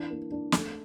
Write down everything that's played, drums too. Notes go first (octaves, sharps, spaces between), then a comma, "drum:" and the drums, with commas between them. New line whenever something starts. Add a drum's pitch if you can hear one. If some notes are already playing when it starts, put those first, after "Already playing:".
Already playing: E3 D4
A#3
D4
A3, drum: snare